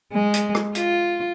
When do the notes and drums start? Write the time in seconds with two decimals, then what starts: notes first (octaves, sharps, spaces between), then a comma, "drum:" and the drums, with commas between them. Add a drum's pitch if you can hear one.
0.13 G#3
0.34 drum: hi-hat
0.55 drum: rim click
0.75 F4, drum: hi-hat